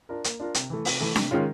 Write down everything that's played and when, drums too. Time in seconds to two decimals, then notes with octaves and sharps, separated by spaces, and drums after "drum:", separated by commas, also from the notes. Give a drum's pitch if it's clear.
0.09 D4 F4 A#4
0.24 A#3, drum: hi-hat
0.40 D4 F4 A#4
0.54 C3, drum: hi-hat
0.70 E3 A3
0.85 C3, drum: open hi-hat
1.01 E3 A3
1.16 C3, drum: snare D4
1.31 D#3 G#3 C#4 F4